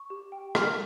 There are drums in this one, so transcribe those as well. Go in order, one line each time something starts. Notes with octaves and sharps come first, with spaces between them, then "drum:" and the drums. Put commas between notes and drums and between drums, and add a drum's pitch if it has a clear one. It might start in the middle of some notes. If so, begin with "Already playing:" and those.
Already playing: C#6
G4
G5
A#4 F6, drum: rim click